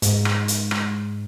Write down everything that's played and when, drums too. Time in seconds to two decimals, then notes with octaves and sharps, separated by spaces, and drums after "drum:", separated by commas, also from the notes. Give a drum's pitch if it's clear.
0.02 G#2, drum: hi-hat
0.25 drum: rim click
0.48 drum: hi-hat
0.71 drum: rim click